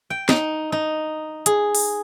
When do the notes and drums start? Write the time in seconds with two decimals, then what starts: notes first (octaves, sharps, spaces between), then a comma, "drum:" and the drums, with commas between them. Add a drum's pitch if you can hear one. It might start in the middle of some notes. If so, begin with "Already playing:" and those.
0.10 G5
0.29 D#4, drum: snare
0.72 D#4
1.46 G#4, drum: hi-hat
1.75 drum: open hi-hat